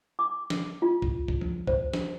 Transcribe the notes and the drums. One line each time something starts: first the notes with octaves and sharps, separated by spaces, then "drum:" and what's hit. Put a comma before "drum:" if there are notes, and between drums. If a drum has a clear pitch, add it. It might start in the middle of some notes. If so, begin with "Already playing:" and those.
D6
drum: snare
F4
drum: kick
drum: kick
drum: tom F3
C5, drum: kick
drum: snare